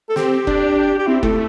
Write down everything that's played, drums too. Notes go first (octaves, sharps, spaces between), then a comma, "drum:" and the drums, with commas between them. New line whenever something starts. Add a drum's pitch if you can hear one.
A4
C4 G4, drum: snare
D4, drum: kick F#1
G4
C4 E4
A3 A4, drum: kick F#1